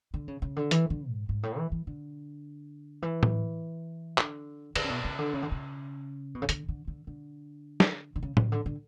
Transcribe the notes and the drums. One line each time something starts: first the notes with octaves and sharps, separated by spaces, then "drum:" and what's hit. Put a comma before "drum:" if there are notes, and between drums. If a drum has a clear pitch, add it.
D3
C#3
C#3
D3
E3, drum: hi-hat
D3
G#2
G#2
A2
E3
E3
D3
E3
drum: tom A2
D3, drum: clap
D3, drum: cymbal
C#3
B2
C#3
D3
C#3
D3
C#3
B2
C#3
D3, drum: hi-hat
D3
D3
D3
drum: snare
D3
C#3
C#3, drum: tom A2
D3
D3